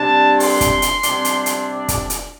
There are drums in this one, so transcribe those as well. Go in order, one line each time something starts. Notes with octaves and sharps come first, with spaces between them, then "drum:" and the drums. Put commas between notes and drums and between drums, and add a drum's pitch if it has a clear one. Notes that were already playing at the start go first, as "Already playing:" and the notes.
Already playing: C3 G3 D4 A5
C6, drum: open hi-hat
drum: kick, hi-hat
drum: hi-hat
C3 G3 D4, drum: hi-hat
drum: hi-hat
drum: hi-hat
drum: kick, hi-hat
drum: hi-hat